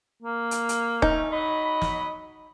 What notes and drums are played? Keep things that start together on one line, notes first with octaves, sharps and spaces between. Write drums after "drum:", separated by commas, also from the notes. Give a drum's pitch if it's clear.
A#3
drum: hi-hat
drum: hi-hat
A3 C#4 D#4, drum: kick D#1
F#3 D#5 B5
drum: snare